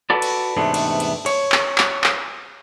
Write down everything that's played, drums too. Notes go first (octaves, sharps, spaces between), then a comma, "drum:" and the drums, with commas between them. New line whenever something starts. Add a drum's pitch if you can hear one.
F#4 A4 B4 D5
drum: cymbal
E2 G#2 C3 A3 B3 D4
drum: cymbal
drum: cymbal
C#5, drum: cymbal
drum: clap
drum: clap
drum: clap